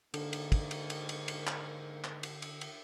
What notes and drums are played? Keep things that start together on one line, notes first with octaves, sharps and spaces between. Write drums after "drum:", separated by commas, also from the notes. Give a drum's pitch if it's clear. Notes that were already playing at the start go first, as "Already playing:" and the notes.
G#2 D3 D#3 A#3, drum: cymbal
drum: cymbal
drum: kick, cymbal
drum: cymbal
drum: cymbal
drum: cymbal
drum: cymbal
drum: clap
drum: clap
drum: cymbal
drum: cymbal
drum: cymbal